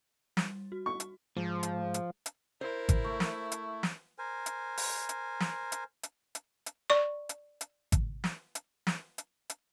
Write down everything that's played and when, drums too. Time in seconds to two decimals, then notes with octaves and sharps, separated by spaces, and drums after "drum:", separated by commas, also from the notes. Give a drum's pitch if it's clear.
0.37 G3, drum: snare
0.72 F#4
0.86 C#6
1.00 drum: hi-hat
1.37 G#2 F3
1.63 drum: hi-hat
1.94 drum: hi-hat
2.26 drum: hi-hat
2.61 E4 A#4 C5
2.89 drum: kick G#1, hi-hat
3.04 A3
3.20 drum: snare
3.52 drum: hi-hat
3.83 drum: snare
4.18 A#4 C5 G#5
4.46 drum: hi-hat
4.77 drum: open hi-hat
5.09 drum: hi-hat
5.40 drum: snare
5.72 drum: hi-hat
6.03 drum: hi-hat
6.35 drum: hi-hat
6.66 drum: hi-hat
6.90 D5 C#6
7.29 drum: hi-hat
7.61 drum: hi-hat
7.92 drum: kick G#1, hi-hat
8.24 drum: snare
8.55 drum: hi-hat
8.87 drum: snare
9.18 drum: hi-hat
9.50 drum: hi-hat